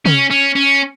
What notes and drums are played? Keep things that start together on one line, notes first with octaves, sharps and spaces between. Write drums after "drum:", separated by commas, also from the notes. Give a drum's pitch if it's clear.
C#4, drum: tom
C#4
C#4